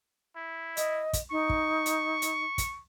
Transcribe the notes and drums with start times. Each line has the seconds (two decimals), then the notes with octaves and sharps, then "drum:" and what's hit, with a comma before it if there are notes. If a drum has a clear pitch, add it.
0.36 E4
0.77 D#5, drum: hi-hat
1.13 drum: kick, hi-hat
1.31 D#4 C#6
1.49 drum: kick
1.86 drum: hi-hat
2.22 drum: hi-hat
2.58 drum: kick, hi-hat